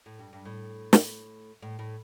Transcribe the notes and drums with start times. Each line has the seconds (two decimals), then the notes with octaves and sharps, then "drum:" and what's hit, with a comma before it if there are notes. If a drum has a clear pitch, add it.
0.06 A2
0.19 G2
0.33 G2
0.45 A2
0.93 drum: snare
1.62 A2
1.79 A2